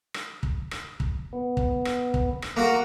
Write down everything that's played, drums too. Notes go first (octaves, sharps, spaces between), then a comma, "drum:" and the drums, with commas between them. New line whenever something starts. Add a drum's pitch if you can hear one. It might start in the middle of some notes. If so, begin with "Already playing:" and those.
drum: rim click
drum: kick
drum: rim click
drum: kick
B3
drum: kick
drum: rim click
drum: kick
drum: rim click
A#3 F#4 A#4 F#5 A#5